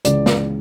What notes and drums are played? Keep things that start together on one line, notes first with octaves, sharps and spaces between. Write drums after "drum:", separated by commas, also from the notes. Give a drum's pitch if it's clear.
C#2 C#3 E3 D5, drum: hi-hat
drum: snare